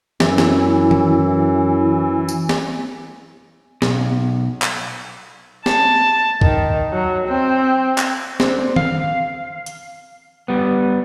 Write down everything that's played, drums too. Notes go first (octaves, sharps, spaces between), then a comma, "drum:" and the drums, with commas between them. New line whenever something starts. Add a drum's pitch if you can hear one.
F#2 E3, drum: snare
drum: snare
drum: tom D#3
drum: tambourine
drum: snare
B1, drum: snare
drum: clap
A5, drum: snare
D#3, drum: kick D2
F#3
C4
drum: clap
D3 C4, drum: snare
F5, drum: tom D#3
drum: hi-hat
G3 B3